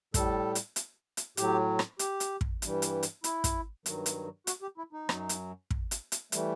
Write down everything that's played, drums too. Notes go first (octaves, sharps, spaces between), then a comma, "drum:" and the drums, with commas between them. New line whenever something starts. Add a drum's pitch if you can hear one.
A2 G3 A4, drum: kick, hi-hat
drum: hi-hat
drum: hi-hat
drum: hi-hat
A2 F#3 G4, drum: hi-hat
drum: rim click
G4, drum: hi-hat
drum: hi-hat
drum: kick
G2 E3 G3, drum: hi-hat
drum: hi-hat
drum: hi-hat
E4, drum: hi-hat
drum: kick, hi-hat
G2 D#3 F#3, drum: hi-hat
drum: hi-hat
F#4, drum: hi-hat
G4
E4
D#4
F#2 F#3, drum: rim click
drum: hi-hat
drum: kick
drum: hi-hat
drum: hi-hat
E3 G3 A3, drum: hi-hat